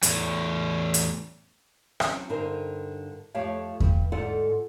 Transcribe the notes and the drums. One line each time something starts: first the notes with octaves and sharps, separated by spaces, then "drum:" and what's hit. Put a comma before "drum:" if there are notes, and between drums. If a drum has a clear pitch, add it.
E2 A2, drum: hi-hat
drum: hi-hat
F#3 C4 C#4, drum: rim click
G2 D3 D#4 A#4 C5
F2 A3 G4 C#5 F5
G2, drum: kick E2
D2 G#2 F4 A4 D5 F#5